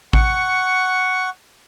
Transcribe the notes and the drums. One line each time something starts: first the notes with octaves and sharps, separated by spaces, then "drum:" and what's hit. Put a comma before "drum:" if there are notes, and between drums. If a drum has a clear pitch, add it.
F#5 C#6, drum: kick A1